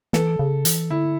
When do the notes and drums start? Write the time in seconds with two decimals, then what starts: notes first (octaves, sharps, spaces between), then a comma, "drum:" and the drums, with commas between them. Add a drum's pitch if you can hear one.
0.13 E3 A4, drum: snare
0.39 C#3
0.65 E3, drum: hi-hat
0.90 D3 E4